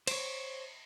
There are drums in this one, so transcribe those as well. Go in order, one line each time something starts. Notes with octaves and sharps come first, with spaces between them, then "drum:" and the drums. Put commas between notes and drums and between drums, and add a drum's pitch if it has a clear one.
C5 C#5, drum: cymbal